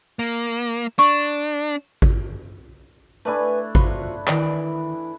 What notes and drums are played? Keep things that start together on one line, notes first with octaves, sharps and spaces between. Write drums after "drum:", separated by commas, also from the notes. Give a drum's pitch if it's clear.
A#3
D4 C#6
drum: kick G#1
A3 D4 E4 B4 G#5
C3 F4 F#4 B4, drum: kick G#1
D#3 E3 D5, drum: clap